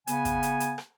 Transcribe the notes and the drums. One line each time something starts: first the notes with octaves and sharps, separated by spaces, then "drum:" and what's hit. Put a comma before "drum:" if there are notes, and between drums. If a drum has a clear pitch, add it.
C#3 B3 G#5, drum: hi-hat
drum: kick, hi-hat
drum: hi-hat
drum: hi-hat
drum: rim click